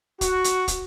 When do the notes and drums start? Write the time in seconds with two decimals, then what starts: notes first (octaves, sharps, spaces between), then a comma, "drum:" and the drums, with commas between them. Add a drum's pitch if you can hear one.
0.21 F#4, drum: kick, hi-hat
0.44 drum: hi-hat
0.68 drum: kick, hi-hat